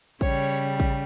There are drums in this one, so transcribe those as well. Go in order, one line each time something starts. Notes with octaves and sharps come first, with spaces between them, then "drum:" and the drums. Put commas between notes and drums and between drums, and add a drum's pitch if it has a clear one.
C#3 G3 C#5, drum: kick
drum: kick